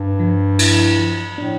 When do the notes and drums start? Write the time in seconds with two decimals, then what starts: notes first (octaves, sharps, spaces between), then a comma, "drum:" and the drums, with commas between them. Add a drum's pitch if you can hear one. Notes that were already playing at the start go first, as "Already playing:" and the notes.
Already playing: G2
0.19 F3
0.59 E4, drum: cymbal
0.99 F3
1.38 A2 D4